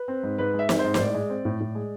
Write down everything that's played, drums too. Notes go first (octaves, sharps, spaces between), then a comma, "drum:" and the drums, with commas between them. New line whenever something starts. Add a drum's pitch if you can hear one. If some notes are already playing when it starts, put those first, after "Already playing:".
Already playing: B4
C4
G#2
G#2 B4
G#3
E5
C4, drum: snare
C5
G#2
C5, drum: snare
A2 D5
G#3
C4
A2
A2
G#3